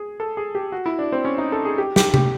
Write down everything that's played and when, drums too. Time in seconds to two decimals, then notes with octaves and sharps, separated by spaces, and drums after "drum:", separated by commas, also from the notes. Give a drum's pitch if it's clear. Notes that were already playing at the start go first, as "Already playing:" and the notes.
Already playing: G#4
0.20 A4
0.37 G#4
0.55 G4
0.72 F#4
0.86 E4
0.99 D4
1.12 C4
1.25 C#4
1.38 D#4
1.52 A4
1.65 G#4
1.78 G4
1.96 G4, drum: snare
2.14 G4, drum: tom C3